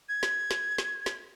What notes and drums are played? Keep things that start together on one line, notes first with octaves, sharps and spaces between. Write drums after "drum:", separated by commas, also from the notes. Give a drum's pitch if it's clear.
G#6
drum: snare
drum: snare
drum: snare
drum: snare